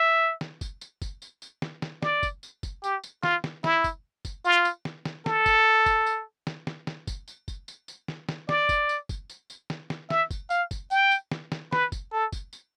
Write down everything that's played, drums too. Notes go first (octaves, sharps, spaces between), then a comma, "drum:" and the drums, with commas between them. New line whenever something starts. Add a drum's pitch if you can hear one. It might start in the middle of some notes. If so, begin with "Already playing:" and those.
Already playing: E5
drum: snare
drum: kick, tambourine
drum: tambourine
drum: kick, tambourine
drum: tambourine
drum: tambourine
drum: snare
drum: snare
D5, drum: snare
drum: kick, tambourine
drum: tambourine
drum: kick, tambourine
G4, drum: tambourine
drum: tambourine
F4, drum: snare
drum: snare
E4, drum: snare
drum: kick, tambourine
drum: kick, tambourine
F4, drum: tambourine
drum: tambourine
drum: snare
drum: snare
A4, drum: snare
drum: kick, tambourine
drum: kick, tambourine
drum: tambourine
drum: snare
drum: snare
drum: snare
drum: kick, tambourine
drum: tambourine
drum: kick, tambourine
drum: tambourine
drum: tambourine
drum: snare
drum: snare
D5, drum: snare
drum: kick, tambourine
drum: tambourine
drum: kick, tambourine
drum: tambourine
drum: tambourine
drum: snare
drum: snare
E5, drum: snare
drum: kick, tambourine
F5, drum: tambourine
drum: kick, tambourine
G5, drum: tambourine
drum: tambourine
drum: snare
drum: snare
B4, drum: snare
drum: kick, tambourine
A4
drum: kick, tambourine
drum: tambourine